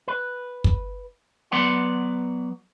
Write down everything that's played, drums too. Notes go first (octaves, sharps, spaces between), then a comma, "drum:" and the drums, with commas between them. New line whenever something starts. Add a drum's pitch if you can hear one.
B4
drum: kick
F#3 B3 B4 D5 F#5 C6